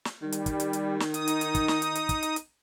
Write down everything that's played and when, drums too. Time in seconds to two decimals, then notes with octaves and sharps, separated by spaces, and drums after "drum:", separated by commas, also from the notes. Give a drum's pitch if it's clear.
0.05 drum: snare
0.22 D#3 G3
0.32 drum: hi-hat
0.46 drum: kick, hi-hat
0.60 drum: hi-hat
0.73 drum: hi-hat
1.00 drum: snare
1.14 D#4 D#6, drum: hi-hat
1.28 drum: hi-hat
1.41 drum: hi-hat
1.55 drum: kick, hi-hat
1.68 drum: snare
1.82 drum: hi-hat
1.95 drum: hi-hat
2.09 drum: kick, hi-hat
2.23 drum: hi-hat
2.36 drum: hi-hat